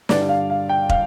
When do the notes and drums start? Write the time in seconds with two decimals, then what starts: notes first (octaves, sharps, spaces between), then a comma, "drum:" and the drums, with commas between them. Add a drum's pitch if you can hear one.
0.09 G2 D3 G3 D5, drum: snare
0.29 F5
0.50 F5
0.69 G5
0.89 F5, drum: kick